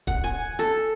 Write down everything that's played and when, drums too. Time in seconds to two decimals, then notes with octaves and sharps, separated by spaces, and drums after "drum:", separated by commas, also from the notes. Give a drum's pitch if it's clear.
0.07 F#5, drum: kick
0.24 G#5
0.59 A4